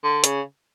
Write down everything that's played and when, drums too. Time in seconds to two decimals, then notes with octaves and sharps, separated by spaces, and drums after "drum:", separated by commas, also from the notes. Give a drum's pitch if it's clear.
0.04 D3
0.24 C#3, drum: hi-hat